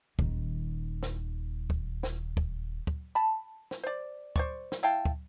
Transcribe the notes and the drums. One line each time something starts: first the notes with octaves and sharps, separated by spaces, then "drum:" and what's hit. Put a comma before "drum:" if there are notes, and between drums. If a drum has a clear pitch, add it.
D#1 D#3, drum: kick
drum: snare
drum: kick
drum: snare
drum: kick
drum: kick
A5 B5
drum: snare
C5 D5
C5 D5 C#6, drum: kick
drum: snare
E4 F5 G5 A5
drum: kick